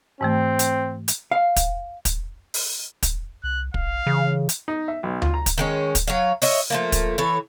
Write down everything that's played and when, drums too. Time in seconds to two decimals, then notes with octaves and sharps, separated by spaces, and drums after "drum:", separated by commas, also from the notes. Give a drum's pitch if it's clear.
0.21 G#2 E3 A3 C4
0.59 drum: hi-hat
1.08 drum: hi-hat
1.31 F5
1.56 drum: kick, hi-hat
2.05 drum: kick, hi-hat
2.54 drum: open hi-hat
3.03 drum: kick, hi-hat
3.44 C2 F#6
3.74 A#1 F5, drum: kick
4.07 C#3 E3
4.49 drum: hi-hat
4.68 D#4
4.88 E5
5.03 B1
5.22 F4, drum: tom D2
5.34 A#5
5.46 drum: kick, hi-hat
5.58 D#3 G#3 C#4
5.95 drum: kick, hi-hat
6.07 F#3 C#5 F5
6.42 C#5 D#5 E5, drum: open hi-hat
6.70 F3 A3 A#3
6.92 drum: kick, hi-hat
7.18 E3 A4 C#5